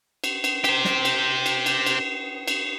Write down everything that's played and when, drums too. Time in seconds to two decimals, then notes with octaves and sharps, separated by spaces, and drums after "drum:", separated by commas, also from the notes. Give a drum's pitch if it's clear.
0.24 drum: cymbal
0.44 drum: cymbal
0.64 G4 C5, drum: cymbal
0.85 drum: snare
1.05 drum: cymbal
1.46 drum: cymbal
1.66 drum: cymbal
1.86 drum: cymbal
2.48 drum: cymbal